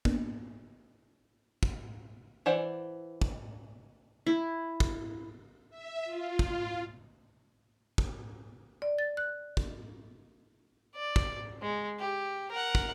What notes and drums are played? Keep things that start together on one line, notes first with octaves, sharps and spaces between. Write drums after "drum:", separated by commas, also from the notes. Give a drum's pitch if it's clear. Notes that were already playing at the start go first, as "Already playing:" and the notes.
A#3 B3 D4, drum: kick
drum: kick
E3 C5 D5 F#5
drum: kick
E4
drum: kick
E5
F4
drum: kick
drum: kick
D5
A6
F#6
drum: kick
D5
drum: kick
G#3
G4
A#4 F#5
drum: kick